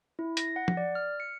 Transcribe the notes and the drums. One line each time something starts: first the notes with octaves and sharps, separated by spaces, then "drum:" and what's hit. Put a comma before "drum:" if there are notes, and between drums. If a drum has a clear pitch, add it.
E4
A#6, drum: hi-hat
F#5
drum: tom F3
D5
F6
C#7